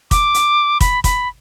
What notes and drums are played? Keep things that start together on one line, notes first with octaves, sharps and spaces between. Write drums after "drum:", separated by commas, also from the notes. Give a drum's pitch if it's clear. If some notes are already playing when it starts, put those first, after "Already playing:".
D6, drum: kick, hi-hat
drum: hi-hat
B5, drum: kick, hi-hat
B5, drum: kick, hi-hat